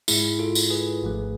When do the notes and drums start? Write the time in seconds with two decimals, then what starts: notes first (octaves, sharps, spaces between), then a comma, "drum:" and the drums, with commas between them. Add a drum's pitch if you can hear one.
0.08 G#2 G#3 E4 G#4, drum: tambourine
0.39 F4 A4
0.55 drum: tambourine
0.70 G#4 B4
1.03 G#1 G#2 F3 A3